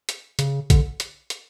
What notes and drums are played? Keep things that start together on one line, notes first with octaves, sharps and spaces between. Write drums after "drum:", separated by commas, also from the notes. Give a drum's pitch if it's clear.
drum: hi-hat
C#3, drum: hi-hat
D3, drum: kick A1, hi-hat
drum: hi-hat
drum: hi-hat